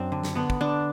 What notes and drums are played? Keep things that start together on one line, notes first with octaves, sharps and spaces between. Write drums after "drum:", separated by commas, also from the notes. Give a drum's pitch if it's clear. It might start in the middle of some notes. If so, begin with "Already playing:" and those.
Already playing: F#2 C4 D4
D3
drum: snare
D3 B3
drum: kick
D3 D4